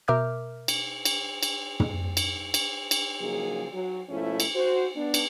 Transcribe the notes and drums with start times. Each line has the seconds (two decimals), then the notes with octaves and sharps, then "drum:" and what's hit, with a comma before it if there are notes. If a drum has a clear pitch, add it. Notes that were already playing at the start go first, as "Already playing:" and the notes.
0.08 B2 A#4 E5 D6 F6 G6
0.68 drum: cymbal
1.05 drum: cymbal
1.43 drum: cymbal
1.80 drum: tom
2.17 drum: cymbal
2.54 drum: cymbal
2.91 drum: cymbal
3.20 C#3 F3 F#3 A#3 D#4 G#4
3.72 F#3
4.09 G#2 B2 F3 A3 C#4 E4
4.40 drum: cymbal
4.54 F#4 C5
4.95 B3 D4
5.14 drum: cymbal